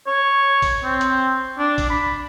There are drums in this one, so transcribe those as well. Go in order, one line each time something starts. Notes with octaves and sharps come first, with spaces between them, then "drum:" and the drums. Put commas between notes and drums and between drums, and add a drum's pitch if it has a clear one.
C#5
drum: kick, open hi-hat
C4
drum: hi-hat
D4
drum: kick, open hi-hat
B5